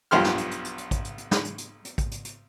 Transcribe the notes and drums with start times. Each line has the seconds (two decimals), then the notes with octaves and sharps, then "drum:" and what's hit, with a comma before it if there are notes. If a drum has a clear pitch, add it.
0.11 B1 G2 F3 G4 C6 F6
0.24 drum: snare
0.38 drum: hi-hat
0.51 drum: hi-hat
0.65 drum: hi-hat
0.78 drum: hi-hat
0.91 drum: kick, hi-hat
1.05 drum: hi-hat
1.18 drum: hi-hat
1.31 drum: snare
1.45 drum: hi-hat
1.58 drum: hi-hat
1.85 drum: hi-hat
1.98 drum: kick, hi-hat
2.11 drum: hi-hat
2.25 drum: hi-hat